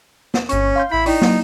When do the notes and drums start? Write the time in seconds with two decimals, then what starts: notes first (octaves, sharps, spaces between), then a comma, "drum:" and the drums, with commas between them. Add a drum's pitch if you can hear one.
0.34 drum: snare
0.49 G1 C#4 C#6, drum: hi-hat
0.76 F5 C6 G6
0.91 A1 E4 B5 B6
1.06 D#4 E4 D5 G5, drum: open hi-hat
1.22 F#3 A#3, drum: snare